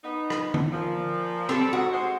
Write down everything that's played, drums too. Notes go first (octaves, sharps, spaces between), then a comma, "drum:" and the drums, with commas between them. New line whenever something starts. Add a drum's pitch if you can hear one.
B3 D#4
drum: rim click
drum: tom D3
A#2 F3
G3 C4 A4, drum: rim click
G#2 F#4
G#3 C5